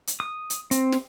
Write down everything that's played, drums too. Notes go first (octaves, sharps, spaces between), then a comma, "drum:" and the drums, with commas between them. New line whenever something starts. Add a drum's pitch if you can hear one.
drum: hi-hat
D#6
drum: hi-hat
C4, drum: hi-hat
drum: snare